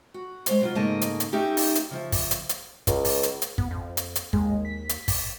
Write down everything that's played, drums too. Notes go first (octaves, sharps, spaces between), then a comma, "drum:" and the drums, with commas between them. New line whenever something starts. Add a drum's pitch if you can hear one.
F#4
G#3 C5 C#5, drum: hi-hat
B2 F#3 F4
G#2 C#3 A3 A#3 D#5 A5
drum: hi-hat
drum: hi-hat
A3 C#4 D#4 G4 D#5 E5
drum: open hi-hat
drum: hi-hat
C#3 F3 E5
drum: kick, open hi-hat
drum: hi-hat
drum: hi-hat
C#2, drum: kick, hi-hat
drum: open hi-hat
drum: hi-hat
drum: hi-hat
B3, drum: kick
F2
drum: hi-hat
drum: hi-hat
D#2 G#3, drum: kick
B6
drum: hi-hat
drum: kick, open hi-hat